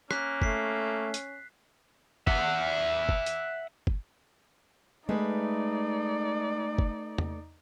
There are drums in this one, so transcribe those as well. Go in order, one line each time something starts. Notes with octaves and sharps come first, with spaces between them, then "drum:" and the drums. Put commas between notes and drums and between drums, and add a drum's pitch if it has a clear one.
A#3 C#4 F#6 B6, drum: rim click
A3 B6 C7, drum: kick
drum: hi-hat
E5 F#5, drum: kick
drum: kick
drum: hi-hat
drum: kick
G#3 A3 D#4 B4 D5
drum: kick
drum: tom E2